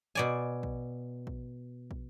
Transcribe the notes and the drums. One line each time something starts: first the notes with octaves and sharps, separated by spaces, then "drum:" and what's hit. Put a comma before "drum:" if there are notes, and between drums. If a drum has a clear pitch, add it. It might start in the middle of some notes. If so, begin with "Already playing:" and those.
B2 D5 G#5
drum: kick
drum: kick
drum: kick